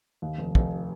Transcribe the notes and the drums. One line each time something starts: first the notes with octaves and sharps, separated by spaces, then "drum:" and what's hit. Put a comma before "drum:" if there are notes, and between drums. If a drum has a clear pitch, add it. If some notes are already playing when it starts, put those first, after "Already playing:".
D#2
F1
F1, drum: kick